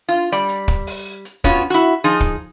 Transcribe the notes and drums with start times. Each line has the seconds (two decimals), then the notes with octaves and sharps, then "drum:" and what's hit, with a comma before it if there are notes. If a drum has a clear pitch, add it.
0.09 F4
0.32 G3 D5
0.49 drum: hi-hat
0.68 drum: kick, hi-hat
0.87 drum: open hi-hat
1.25 drum: hi-hat
1.44 B3 C#4 F4 F#4 C#5, drum: kick, hi-hat
1.70 E4 F#4
2.04 F3 D#4 G#4, drum: hi-hat
2.21 drum: kick, hi-hat